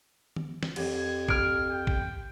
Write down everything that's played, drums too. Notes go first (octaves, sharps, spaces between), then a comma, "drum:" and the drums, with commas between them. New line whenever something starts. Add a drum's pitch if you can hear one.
drum: tom D#3
drum: snare
F2 G4 G#6, drum: cymbal
F6 D7, drum: kick A1
G5
drum: kick A1